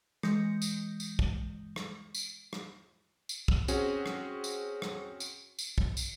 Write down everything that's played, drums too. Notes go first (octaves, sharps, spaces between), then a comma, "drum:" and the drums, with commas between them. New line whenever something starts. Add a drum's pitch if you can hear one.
E3 G#3 D#6 G6 A#6 C#7, drum: rim click
drum: tambourine
drum: tambourine
drum: kick
drum: rim click
drum: tambourine
drum: rim click
drum: tambourine
drum: kick
C4 C#4 F#4 G#4, drum: tambourine
drum: rim click
drum: tambourine
drum: rim click
drum: tambourine
drum: tambourine
drum: kick
drum: tambourine